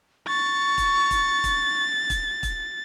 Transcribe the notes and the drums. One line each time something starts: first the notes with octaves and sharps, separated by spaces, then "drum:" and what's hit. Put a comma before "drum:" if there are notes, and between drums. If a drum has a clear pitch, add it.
C#6 A6
drum: kick, hi-hat
drum: kick, hi-hat
drum: kick, hi-hat
drum: kick, hi-hat
drum: kick, hi-hat